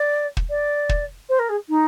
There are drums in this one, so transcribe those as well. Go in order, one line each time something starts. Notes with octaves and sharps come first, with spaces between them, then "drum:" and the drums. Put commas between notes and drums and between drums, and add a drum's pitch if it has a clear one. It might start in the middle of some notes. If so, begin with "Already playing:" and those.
Already playing: D5
drum: kick
D5
drum: kick
C5
A#4
G#4
D#4